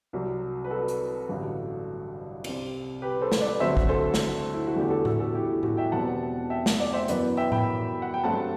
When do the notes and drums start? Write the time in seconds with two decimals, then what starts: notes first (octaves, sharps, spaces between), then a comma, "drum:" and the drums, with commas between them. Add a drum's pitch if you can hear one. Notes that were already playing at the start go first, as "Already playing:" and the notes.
0.13 C2 C3 F#3
0.65 B4
0.71 F#4 A4
0.88 drum: hi-hat
1.29 A1 G2 D3 F#3
2.44 C2 C3 G3 C4, drum: cymbal
3.02 G4 B4
3.21 A4 C5
3.32 drum: snare
3.41 B4 D5
3.60 D2 D3 F#3 A3 C4 C5 E5
3.77 drum: kick
3.89 A4 C5
4.14 drum: snare
4.54 E4
4.67 F#4
4.76 E2 D3 A3 G4
4.90 F#4 A4
5.05 F#4 A4, drum: tom A2
5.20 F#4 A4
5.34 E4 G4
5.49 E4 G4
5.63 F#4 A4, drum: tom A2
5.77 E5 G5
5.92 E1 E2 B2 G3 C4 F#5 A5
6.50 E5 G5
6.66 drum: snare
6.79 D5 F#5
6.93 C5 E5
7.08 F#2 E3 B3 B4 D5, drum: hi-hat
7.37 E5 G5
7.52 G5 B5, drum: tom A2
8.02 F#5
8.14 G5
8.24 G2 F#3 A3 C4 F#5 A5